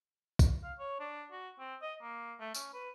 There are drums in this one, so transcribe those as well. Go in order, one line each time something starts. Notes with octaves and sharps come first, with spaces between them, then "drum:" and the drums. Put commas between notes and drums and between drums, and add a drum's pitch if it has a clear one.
drum: kick, tambourine
F5
C#5
D4
F#4
C4
D#5
A#3
A3
C#4, drum: tambourine
B4